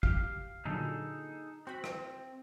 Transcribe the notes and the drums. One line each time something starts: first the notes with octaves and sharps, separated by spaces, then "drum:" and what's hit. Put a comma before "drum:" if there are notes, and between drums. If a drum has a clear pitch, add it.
G4 F5, drum: kick
A#2 D3 F#3 D#4 G#4 A4
C4 F#4 B5
drum: rim click